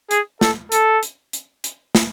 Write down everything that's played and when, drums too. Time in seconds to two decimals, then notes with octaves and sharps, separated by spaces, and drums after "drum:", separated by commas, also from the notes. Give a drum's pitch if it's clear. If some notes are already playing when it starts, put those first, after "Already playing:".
0.11 G#4, drum: hi-hat
0.41 A4, drum: snare
0.72 A4, drum: hi-hat
1.03 drum: hi-hat
1.33 drum: hi-hat
1.64 drum: hi-hat
1.95 drum: snare